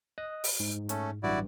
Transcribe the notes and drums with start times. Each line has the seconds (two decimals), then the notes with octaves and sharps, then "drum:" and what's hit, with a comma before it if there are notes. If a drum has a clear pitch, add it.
0.18 D#5 D#6 F#6
0.44 drum: open hi-hat
0.60 G#2
0.89 A3 C#4, drum: hi-hat
1.23 A1 G2 F#3 E4 F#4 D5